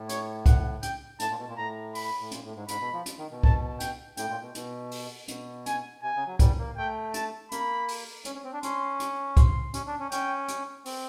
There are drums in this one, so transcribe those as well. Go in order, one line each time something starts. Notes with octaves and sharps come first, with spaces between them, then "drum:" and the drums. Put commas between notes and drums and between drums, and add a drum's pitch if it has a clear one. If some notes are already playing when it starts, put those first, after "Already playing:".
Already playing: A2
C#5, drum: hi-hat
F#5, drum: kick C2, hi-hat
G5, drum: hi-hat
A2 A5, drum: hi-hat
A#2
B2
A#2
A2 A#5
B5, drum: open hi-hat
A2
A#2, drum: hi-hat
A2
G#2
G#2 B5, drum: hi-hat
B2
F3
drum: hi-hat
D#3
B2
A5, drum: kick C2
G5, drum: hi-hat
A2 G5, drum: hi-hat
A#2
B2
B2, drum: hi-hat
drum: open hi-hat
B2, drum: hi-hat
G#5, drum: hi-hat
C3 G#5
C#3
F#3
G3, drum: kick C2, hi-hat
A#3
A3 G5
A5, drum: hi-hat
A#3 B5, drum: hi-hat
drum: open hi-hat
C#4, drum: hi-hat
C#4
C4
D4
C#4 C6, drum: hi-hat
drum: hi-hat
C6, drum: kick C2, hi-hat
C#4, drum: hi-hat
D4
C#4
C#4 G5, drum: hi-hat
drum: hi-hat
C4, drum: open hi-hat